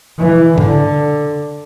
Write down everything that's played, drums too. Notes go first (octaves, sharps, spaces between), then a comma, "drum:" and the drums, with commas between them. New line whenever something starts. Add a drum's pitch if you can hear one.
E3
D3, drum: tom G2